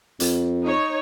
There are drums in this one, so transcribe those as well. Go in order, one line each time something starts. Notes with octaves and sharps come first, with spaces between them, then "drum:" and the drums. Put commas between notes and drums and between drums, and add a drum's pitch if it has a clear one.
F2, drum: hi-hat
D#4 C#5